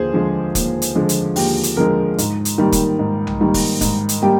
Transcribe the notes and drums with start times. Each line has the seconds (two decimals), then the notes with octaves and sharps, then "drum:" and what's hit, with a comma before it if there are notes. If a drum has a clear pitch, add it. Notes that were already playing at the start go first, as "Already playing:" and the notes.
Already playing: D#2 D3 F3 G#4 C5
0.14 D3 F3 G#3
0.55 D#2, drum: kick, hi-hat
0.82 drum: hi-hat
0.95 D3 F3 G#3
1.09 drum: hi-hat
1.36 D#2 G4, drum: open hi-hat
1.63 drum: hi-hat
1.77 D3 F3 G#3 A#4
2.18 G#2, drum: hi-hat
2.45 drum: hi-hat
2.58 D#3 G3 A#3
2.72 drum: kick, hi-hat
2.99 G#2
3.27 drum: tom B1
3.41 D#3 G3 A#3
3.54 drum: kick, open hi-hat
3.81 G#2, drum: kick, hi-hat
4.09 drum: hi-hat
4.22 G3 A#3 G4